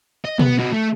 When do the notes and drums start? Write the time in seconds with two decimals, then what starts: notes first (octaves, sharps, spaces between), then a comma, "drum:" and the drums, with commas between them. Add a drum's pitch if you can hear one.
0.25 D#5
0.39 B3, drum: tom B2
0.59 D#4 F#4
0.73 A3